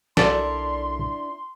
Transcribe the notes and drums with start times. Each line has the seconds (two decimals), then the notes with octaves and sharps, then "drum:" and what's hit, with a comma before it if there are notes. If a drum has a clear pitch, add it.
0.17 B1 D4 E4 A4 A#4 D5 C6, drum: snare